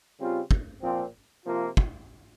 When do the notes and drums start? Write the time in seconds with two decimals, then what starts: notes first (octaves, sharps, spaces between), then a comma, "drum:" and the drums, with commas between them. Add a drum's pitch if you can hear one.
0.19 C#3 G3 C4 F4
0.51 drum: kick
0.82 A#2 F3 C4
1.45 C3 F3 A#3 F4
1.77 drum: kick